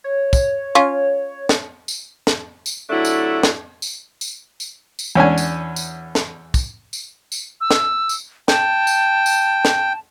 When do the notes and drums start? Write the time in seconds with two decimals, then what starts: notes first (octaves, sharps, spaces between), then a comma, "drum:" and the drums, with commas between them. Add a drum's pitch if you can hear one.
0.04 C#5
0.33 drum: kick, tambourine
0.75 C#4 F4
1.49 drum: snare
1.88 drum: tambourine
2.27 drum: snare
2.66 drum: tambourine
2.89 C3 F#3 A3 D4 E4
3.05 drum: tambourine
3.43 drum: snare
3.82 drum: tambourine
4.21 drum: tambourine
4.60 drum: tambourine
4.99 drum: tambourine
5.15 E2 C#4 D4 G#5
5.38 drum: tambourine
5.76 drum: tambourine
6.15 drum: snare
6.54 drum: kick, tambourine
6.93 drum: tambourine
7.32 drum: tambourine
7.61 E6
7.71 drum: snare
8.09 drum: tambourine
8.48 G5 A5, drum: snare
8.87 drum: tambourine
9.26 drum: tambourine
9.65 drum: snare